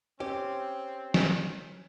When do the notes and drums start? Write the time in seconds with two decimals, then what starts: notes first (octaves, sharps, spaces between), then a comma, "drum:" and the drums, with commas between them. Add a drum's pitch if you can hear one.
0.20 C4 C#4 G4
1.14 drum: snare